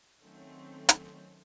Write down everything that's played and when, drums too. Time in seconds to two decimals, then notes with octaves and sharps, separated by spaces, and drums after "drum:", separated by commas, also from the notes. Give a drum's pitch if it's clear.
0.21 D#3 F#3 A3 C4 C#4
0.89 drum: hi-hat